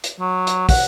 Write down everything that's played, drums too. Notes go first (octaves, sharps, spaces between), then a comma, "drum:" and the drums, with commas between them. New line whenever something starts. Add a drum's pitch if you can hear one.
drum: hi-hat
F#3
drum: hi-hat
F#5, drum: kick, open hi-hat